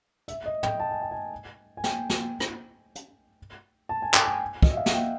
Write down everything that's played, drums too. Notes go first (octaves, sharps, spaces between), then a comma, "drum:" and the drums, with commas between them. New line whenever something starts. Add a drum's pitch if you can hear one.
E5, drum: hi-hat
D#5
G5, drum: tom
A5
G#5
G5
G#5
G#5
G5, drum: snare
drum: snare
drum: rim click
drum: hi-hat
A5
G#5
G5, drum: clap
G#5
D#5, drum: kick
E5
F5
F#5, drum: snare
G5